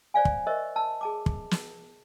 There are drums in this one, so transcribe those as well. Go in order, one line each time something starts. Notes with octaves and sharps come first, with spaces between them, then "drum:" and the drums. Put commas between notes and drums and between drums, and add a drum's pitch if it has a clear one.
C5 D5 F5 G#5
drum: kick
A#4 C5 D#5 E5 C#6
A5 E6
G#4 A5 D6
drum: kick
drum: snare